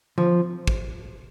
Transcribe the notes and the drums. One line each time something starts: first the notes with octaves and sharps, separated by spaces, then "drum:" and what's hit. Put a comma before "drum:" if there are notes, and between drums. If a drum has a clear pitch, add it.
F3, drum: tom D3
drum: kick